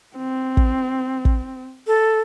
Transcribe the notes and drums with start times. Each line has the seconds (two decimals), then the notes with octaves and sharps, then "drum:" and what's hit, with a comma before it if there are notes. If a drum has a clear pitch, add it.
0.17 C4
0.57 drum: kick
1.25 drum: kick
1.87 A4